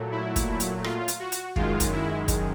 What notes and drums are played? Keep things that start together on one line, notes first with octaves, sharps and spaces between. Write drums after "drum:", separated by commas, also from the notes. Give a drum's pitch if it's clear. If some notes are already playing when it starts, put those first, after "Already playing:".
Already playing: A#2 F#3 A3
E4
drum: kick, hi-hat
drum: hi-hat
F4, drum: rim click
drum: hi-hat
F#4
drum: hi-hat
F#2 D#3 G#3 F4, drum: kick
drum: kick, hi-hat
E4
drum: kick, hi-hat